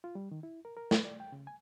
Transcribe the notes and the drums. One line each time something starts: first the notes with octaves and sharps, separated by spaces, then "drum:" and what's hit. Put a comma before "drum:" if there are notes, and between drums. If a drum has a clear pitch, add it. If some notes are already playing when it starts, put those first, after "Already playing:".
F4
G3
D#3
E4
A#4
A#4
B4, drum: snare
D5
G5
C#3
G#5